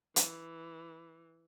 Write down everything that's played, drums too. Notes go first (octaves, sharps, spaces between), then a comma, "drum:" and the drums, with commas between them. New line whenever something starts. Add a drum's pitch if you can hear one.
E3, drum: hi-hat